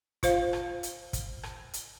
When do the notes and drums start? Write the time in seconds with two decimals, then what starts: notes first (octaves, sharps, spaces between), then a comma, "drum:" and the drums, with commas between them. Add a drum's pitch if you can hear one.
0.23 F4 C5 F5, drum: kick, hi-hat
0.53 drum: rim click
0.83 drum: hi-hat
1.13 drum: kick, hi-hat
1.43 drum: rim click
1.73 drum: hi-hat